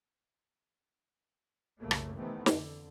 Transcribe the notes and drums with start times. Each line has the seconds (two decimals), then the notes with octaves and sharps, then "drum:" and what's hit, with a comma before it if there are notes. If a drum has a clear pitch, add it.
1.80 F#1 C2 A#2 C#3 A3 A#3
1.91 drum: rim click
2.15 C3 D#3 E3 A3 B3 C4
2.46 F2 D3, drum: snare